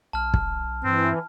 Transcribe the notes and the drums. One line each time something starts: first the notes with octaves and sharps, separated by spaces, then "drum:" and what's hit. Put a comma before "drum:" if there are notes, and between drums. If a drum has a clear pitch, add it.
B1 A5 F6
drum: kick
G2 E3 C4